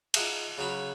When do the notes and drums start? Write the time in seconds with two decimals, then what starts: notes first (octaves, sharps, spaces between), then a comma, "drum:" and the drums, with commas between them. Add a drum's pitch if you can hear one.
0.14 D#4 F4 G#4 E5 F#5 A5, drum: cymbal
0.58 C#3 F#3 C#4 B5